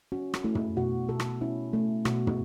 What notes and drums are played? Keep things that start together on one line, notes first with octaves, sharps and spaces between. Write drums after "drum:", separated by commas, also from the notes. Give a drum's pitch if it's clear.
C#4 F#4
drum: rim click
A3 E4
drum: tom
B2 F#4
B2 A4
drum: rim click
C#4 E4
A3
B2 F#4, drum: rim click
drum: tom